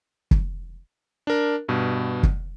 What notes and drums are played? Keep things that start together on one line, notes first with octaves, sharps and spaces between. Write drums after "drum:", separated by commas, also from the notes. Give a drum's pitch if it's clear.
drum: kick
D4 A#4
G2 B2
drum: kick